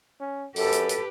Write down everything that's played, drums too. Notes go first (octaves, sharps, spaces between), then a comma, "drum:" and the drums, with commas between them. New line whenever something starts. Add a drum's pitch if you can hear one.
C#4
F#2 G4 A4 B4, drum: open hi-hat
drum: hi-hat
drum: hi-hat